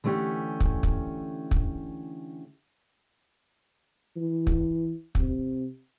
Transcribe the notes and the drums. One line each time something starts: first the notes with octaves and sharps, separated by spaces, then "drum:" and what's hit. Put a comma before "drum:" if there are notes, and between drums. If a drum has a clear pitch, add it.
D3 E3 A3 C#4 G4
drum: kick
drum: kick
drum: kick
E3
drum: kick
C3, drum: kick